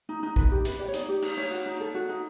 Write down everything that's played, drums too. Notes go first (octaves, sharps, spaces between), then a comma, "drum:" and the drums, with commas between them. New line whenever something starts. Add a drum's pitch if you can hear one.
D#4
D#4
B4, drum: kick
G4
B4, drum: hi-hat
G4 D5
C#5
D#4 D5, drum: hi-hat
G4
D#4, drum: cymbal
D#4 C#5
F#4
D#4
A4
F#4
D#4